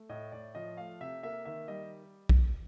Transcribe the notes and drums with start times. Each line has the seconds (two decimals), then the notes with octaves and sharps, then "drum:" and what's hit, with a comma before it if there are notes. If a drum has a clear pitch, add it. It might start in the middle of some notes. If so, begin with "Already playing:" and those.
Already playing: A3
0.09 A2 D#5
0.32 A2 D5
0.55 F3 D#5
0.77 A3 F5
1.01 C3 E5
1.23 A#3 E5
1.45 D#3 E5
1.68 G3 D#5
2.29 drum: kick